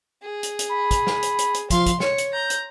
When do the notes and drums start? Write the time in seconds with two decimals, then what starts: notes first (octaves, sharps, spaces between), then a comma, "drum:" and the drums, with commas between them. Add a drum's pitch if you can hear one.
0.22 G#4
0.43 drum: hi-hat
0.59 drum: hi-hat
0.69 B5
0.91 drum: kick, hi-hat
1.07 drum: snare
1.23 drum: hi-hat
1.39 drum: hi-hat
1.54 drum: hi-hat
1.70 F3 F5 C6, drum: kick, hi-hat
1.86 drum: kick, hi-hat
2.00 C#5 C#7, drum: snare
2.18 drum: hi-hat
2.33 A#5 G6
2.50 drum: hi-hat